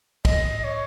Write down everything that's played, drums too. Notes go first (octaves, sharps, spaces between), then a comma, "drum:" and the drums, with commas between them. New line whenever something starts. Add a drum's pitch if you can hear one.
D#5, drum: kick, cymbal
C#5